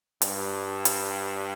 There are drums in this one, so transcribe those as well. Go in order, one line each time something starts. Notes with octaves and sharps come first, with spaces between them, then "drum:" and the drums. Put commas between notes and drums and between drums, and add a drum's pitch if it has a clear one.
G2, drum: hi-hat
drum: hi-hat